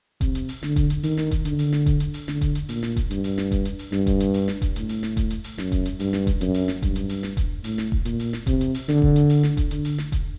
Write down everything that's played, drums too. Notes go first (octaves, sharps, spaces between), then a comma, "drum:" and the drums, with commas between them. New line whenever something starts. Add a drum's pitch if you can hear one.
C3, drum: kick E1, hi-hat
drum: hi-hat
drum: open hi-hat
D3, drum: snare
drum: kick E1, hi-hat
drum: hi-hat
D#3, drum: open hi-hat
drum: snare
drum: kick E1, hi-hat
D3, drum: hi-hat
drum: open hi-hat
drum: snare
drum: kick E1, hi-hat
drum: hi-hat
drum: open hi-hat
D3, drum: snare
drum: kick E1, hi-hat
drum: hi-hat
A#2, drum: open hi-hat
drum: snare
drum: kick E1, hi-hat
G2, drum: hi-hat
drum: open hi-hat
drum: snare
drum: kick E1, hi-hat
drum: hi-hat
drum: open hi-hat
G2, drum: snare
drum: kick E1, hi-hat
drum: hi-hat
drum: open hi-hat
drum: snare
drum: kick E1, hi-hat
A2, drum: hi-hat
drum: open hi-hat
drum: snare
drum: kick E1, hi-hat
drum: hi-hat
drum: open hi-hat
F#2, drum: snare
drum: kick E1, hi-hat
drum: hi-hat
G2, drum: open hi-hat
drum: snare
drum: kick E1, hi-hat
F#2, drum: hi-hat
drum: open hi-hat
drum: snare
G2, drum: kick E1, hi-hat
drum: hi-hat
drum: open hi-hat
drum: snare
drum: kick E1, hi-hat
A2, drum: open hi-hat
drum: snare
drum: kick E1
A#2, drum: hi-hat
drum: open hi-hat
drum: snare
C3, drum: kick E1, hi-hat
drum: hi-hat
drum: open hi-hat
D3, drum: snare
drum: kick E1
drum: hi-hat
drum: open hi-hat
drum: snare
drum: kick E1, hi-hat
D3, drum: hi-hat
drum: open hi-hat
drum: snare
drum: kick E1, hi-hat